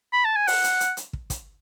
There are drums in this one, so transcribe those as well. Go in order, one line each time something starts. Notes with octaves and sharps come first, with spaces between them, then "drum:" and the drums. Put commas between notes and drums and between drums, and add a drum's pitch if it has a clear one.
B5
A5
G#5
F#5, drum: open hi-hat
drum: hi-hat
drum: hi-hat
drum: hi-hat
drum: kick
drum: kick, hi-hat